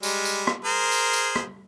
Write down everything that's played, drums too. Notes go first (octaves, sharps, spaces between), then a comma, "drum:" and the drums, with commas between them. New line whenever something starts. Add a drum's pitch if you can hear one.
G3 G#3, drum: tambourine
drum: tambourine
drum: rim click
G#4 A#4 C5
drum: tambourine
drum: tambourine
drum: rim click